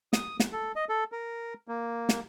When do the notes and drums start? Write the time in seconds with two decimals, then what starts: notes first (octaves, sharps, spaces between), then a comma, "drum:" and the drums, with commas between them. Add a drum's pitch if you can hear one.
0.13 D#6, drum: snare
0.40 drum: snare
0.52 A4
0.76 D#5
0.89 A4
1.12 A#4
1.68 A#3
2.09 drum: snare